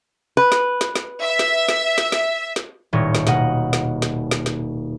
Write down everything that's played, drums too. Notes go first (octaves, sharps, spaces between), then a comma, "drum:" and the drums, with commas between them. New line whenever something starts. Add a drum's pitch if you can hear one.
B4
drum: snare
drum: snare
drum: snare
E5
drum: snare
drum: snare
drum: snare
drum: snare
drum: snare
D#1 A2 C#5 D#5
drum: snare
B2 A#3 D#5 F#5, drum: snare
drum: snare
drum: snare
drum: snare
drum: snare